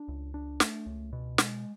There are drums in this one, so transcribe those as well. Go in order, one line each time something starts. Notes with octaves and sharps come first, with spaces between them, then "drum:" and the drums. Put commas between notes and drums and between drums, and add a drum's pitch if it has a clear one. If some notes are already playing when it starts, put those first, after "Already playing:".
Already playing: D4
C#2
D4
A3, drum: snare
C#2
B2
G#3, drum: snare